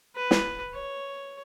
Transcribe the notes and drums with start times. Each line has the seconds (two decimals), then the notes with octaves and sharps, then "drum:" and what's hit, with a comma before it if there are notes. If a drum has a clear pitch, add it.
0.16 B4
0.31 drum: snare
0.73 C#5